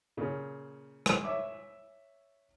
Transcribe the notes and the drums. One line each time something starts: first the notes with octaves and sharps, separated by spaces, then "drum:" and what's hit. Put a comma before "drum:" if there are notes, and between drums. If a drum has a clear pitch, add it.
A#2 C#3
drum: rim click
C#5 E5 D6